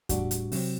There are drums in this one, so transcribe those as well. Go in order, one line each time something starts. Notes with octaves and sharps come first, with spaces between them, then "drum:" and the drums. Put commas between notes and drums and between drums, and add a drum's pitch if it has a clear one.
A2 G3 D4 F#4, drum: kick E2, hi-hat
drum: hi-hat
C3 F#3 C4, drum: open hi-hat